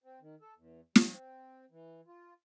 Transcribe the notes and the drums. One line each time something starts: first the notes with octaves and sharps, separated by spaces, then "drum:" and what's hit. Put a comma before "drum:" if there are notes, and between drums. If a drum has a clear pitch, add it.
C4
D#3
A4
E2
G3, drum: snare
C4
E3
F4